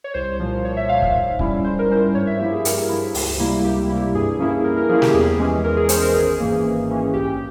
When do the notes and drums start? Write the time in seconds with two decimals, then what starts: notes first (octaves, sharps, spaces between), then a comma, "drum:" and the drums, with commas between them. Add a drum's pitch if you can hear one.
0.04 C#5
0.14 C2 C5
0.40 A#2 F3
0.64 C2 C#5
0.77 E5
0.89 A#2 F3 F5
1.02 F5, drum: kick C#1
1.15 G#2
1.39 G3 C#4 E4, drum: kick C#1
1.64 G#2 C5
1.79 A#4
1.89 G3 C#4 E4 C5
2.15 G2 C#5
2.27 E5
2.39 F3 A#3 E4 G4
2.52 G#4
2.65 G2 A#4, drum: hi-hat
2.89 F3 A#3 E4
3.15 C#2, drum: open hi-hat
3.39 C3 G3 A#3 E4
3.64 C#2 G4
3.90 C3 G3 A#3 E4
4.14 G2 G#4
4.39 F3 A#3 C#4 E4
4.64 G2 A#4
4.77 A#4
4.89 F3 A#3 C#4 E4 G#4
5.02 G4, drum: snare
5.14 E2 G#4
5.39 E3 G#3 C#4
5.64 E2 A#4
5.77 G#4
5.89 E3 G#3 C#4 C5, drum: hi-hat
6.02 A#4
6.14 G#1 G#4
6.39 G#2 E3 A#3 C#4
6.64 G#1
6.89 G#2 E3 A#3 C#4
7.13 A#1 G4